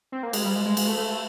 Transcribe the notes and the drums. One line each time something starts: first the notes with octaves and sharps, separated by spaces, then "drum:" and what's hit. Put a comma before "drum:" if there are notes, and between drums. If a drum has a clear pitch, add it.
C4
A#3
G#3, drum: cymbal
G3
G#3
G#3
G#3, drum: cymbal
A3
A3